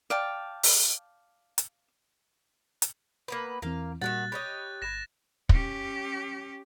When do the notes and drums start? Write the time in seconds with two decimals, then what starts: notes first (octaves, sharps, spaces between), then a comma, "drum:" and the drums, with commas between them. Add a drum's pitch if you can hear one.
0.10 D5 F5 G5 A5
0.63 drum: open hi-hat
1.58 drum: hi-hat
2.82 drum: hi-hat
3.28 A#3 B3 B4
3.62 E2 E3 A#3 C4 F5
4.02 A#2 D#3 F#3 G3 F#4 F#5 F#6 A6
4.32 G4 C#5 D#5 B5
4.82 G1 B5 G#6 A#6 E7
5.49 C#4 G4, drum: kick